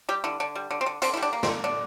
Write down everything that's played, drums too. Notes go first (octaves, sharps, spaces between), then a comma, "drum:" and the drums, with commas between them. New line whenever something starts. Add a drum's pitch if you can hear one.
G3 G4
D3 E4
D3 D4
G3
D3
C4
D3
D3 C4, drum: hi-hat
E4
G3
D4
A#3
C4, drum: snare
D3
D3 D4